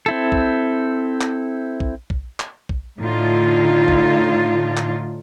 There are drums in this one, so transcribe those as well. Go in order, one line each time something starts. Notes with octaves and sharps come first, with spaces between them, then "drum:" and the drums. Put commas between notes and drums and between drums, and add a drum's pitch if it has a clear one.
C4 E4 A4
drum: kick
drum: clap
drum: kick
drum: kick
drum: clap
drum: kick
A2 D3 D#4 F4
drum: kick
drum: clap